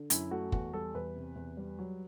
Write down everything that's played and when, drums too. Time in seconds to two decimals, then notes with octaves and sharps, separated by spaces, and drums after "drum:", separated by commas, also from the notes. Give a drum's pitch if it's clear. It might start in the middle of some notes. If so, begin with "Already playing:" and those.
Already playing: D3
0.10 F#2 E4, drum: hi-hat
0.31 A3 F#4
0.52 E2 F#4, drum: kick
0.73 G3 A4
0.94 E2 B4
1.16 C3
1.36 E2
1.57 G3
1.79 F#3